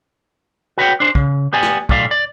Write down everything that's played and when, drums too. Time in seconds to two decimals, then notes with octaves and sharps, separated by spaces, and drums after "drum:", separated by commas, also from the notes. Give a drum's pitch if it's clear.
0.78 F#4 B4 C#5 G5
1.00 D4 C5
1.15 C#3, drum: kick
1.53 B3 G4 D5 G#5
1.63 drum: snare
1.89 B1 A2 A3 D5 F5, drum: kick
2.11 D5